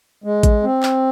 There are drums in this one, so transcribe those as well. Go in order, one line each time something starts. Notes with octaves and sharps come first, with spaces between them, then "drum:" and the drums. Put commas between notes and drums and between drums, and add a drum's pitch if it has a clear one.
G#3
drum: kick A1, hi-hat
C4
drum: clap